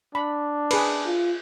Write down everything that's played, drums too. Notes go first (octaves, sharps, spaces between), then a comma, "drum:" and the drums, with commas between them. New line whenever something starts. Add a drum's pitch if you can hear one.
D4 B5
G#4 B4, drum: cymbal
F4